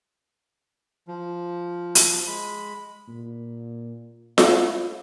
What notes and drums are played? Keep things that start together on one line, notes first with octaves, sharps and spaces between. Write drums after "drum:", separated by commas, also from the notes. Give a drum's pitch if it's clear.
F3
drum: hi-hat
G#3 B5
A#2
E4, drum: snare F4